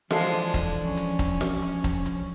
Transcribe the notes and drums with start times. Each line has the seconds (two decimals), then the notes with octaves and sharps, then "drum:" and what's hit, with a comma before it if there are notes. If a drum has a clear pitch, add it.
0.11 E3 F3 G#3 D4 A4 F5, drum: snare
0.32 drum: hi-hat
0.54 drum: kick, hi-hat
0.84 F3 C#4
0.97 drum: hi-hat
1.19 drum: kick, hi-hat
1.41 drum: snare
1.62 drum: hi-hat
1.84 drum: kick, hi-hat
2.06 drum: hi-hat